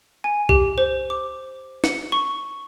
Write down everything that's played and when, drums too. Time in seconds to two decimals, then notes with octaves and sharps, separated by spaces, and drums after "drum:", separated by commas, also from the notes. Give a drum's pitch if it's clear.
0.24 G#5
0.49 G4, drum: kick C2
0.78 C5
1.10 D6
1.84 C#7, drum: snare
2.12 C#6